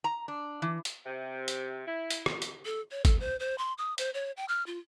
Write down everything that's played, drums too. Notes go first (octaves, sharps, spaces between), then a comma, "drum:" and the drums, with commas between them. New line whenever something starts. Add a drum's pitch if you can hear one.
A#5
D4
E3
drum: hi-hat
C3
drum: hi-hat
E4
drum: hi-hat
drum: rim click
drum: hi-hat
A4
C#5
A4, drum: kick G1, hi-hat
C5
C5
C6
D#6
C5, drum: hi-hat
C#5
G5
F6
F4